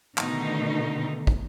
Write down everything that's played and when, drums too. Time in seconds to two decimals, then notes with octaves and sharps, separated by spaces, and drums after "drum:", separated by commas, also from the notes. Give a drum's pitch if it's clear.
0.18 B2 D3 D#3 A3 D#4, drum: clap
1.27 drum: kick